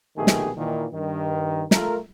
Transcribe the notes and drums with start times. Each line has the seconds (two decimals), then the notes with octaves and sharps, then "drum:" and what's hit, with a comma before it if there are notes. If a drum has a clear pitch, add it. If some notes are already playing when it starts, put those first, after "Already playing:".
0.17 A#1 B2 D#3 A3 G4 G#4
0.27 drum: snare
0.57 A#2 D#3 E3
0.93 G2 D#3
1.71 A3 F4 A4 A#4, drum: snare